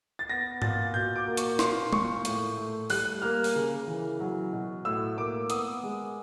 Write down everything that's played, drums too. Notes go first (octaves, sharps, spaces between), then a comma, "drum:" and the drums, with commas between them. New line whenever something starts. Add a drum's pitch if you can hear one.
A6
B3 A#6
A#2 A6, drum: tom G#2
B2 G6
D6
A#3
C#6, drum: hi-hat
A#2 C6, drum: snare
A#2 C#6, drum: tom
A2, drum: hi-hat
A3
G3 F#6, drum: open hi-hat
A#3 F6
drum: open hi-hat
C#3
E3
F#3
B2
A2 E6
A#3 D6
B3 D#6, drum: hi-hat
G#3